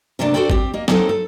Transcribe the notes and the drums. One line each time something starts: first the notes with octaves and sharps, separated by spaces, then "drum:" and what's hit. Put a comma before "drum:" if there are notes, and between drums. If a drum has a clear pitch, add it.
C3 A3 A#3 D4
F#4 G4 A4 C5 D5 G5
C4 G4, drum: kick A1
A#3 D#5
F#3 A#3 C4 D#4 A4, drum: snare
A4